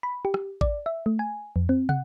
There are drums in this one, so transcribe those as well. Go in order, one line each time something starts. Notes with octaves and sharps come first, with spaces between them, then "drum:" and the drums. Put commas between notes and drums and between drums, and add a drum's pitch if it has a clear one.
B5
G4
drum: rim click
D5, drum: kick A1
E5
A3
G#5
F2
C4
F#5, drum: tom